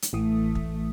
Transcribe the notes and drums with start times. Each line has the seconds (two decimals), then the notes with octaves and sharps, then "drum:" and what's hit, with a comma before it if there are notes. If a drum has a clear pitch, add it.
0.02 drum: hi-hat
0.13 A1 E3 A3 D#6
0.55 drum: kick